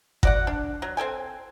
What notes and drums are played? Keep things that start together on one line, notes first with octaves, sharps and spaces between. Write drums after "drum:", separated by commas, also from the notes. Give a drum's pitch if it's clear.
F#4 D5 F#5, drum: kick G1
D4
F#3
C4 A4 G5 G#5